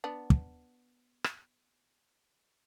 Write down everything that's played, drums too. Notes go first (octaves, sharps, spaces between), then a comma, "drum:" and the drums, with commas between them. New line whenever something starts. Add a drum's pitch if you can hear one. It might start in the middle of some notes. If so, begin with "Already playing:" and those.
B3 D4
drum: kick
drum: rim click